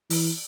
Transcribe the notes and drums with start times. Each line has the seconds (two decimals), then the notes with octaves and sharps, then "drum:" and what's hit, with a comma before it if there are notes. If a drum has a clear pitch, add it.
0.10 E3, drum: open hi-hat